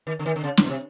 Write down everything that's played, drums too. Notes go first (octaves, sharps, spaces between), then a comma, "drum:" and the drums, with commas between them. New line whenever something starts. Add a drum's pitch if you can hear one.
D#3
D3
D#3
D3
C#3
D3, drum: snare
B2
C3